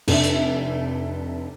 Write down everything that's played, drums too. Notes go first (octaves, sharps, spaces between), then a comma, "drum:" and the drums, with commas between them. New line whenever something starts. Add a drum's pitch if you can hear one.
F1 D4 E5, drum: cymbal
drum: hi-hat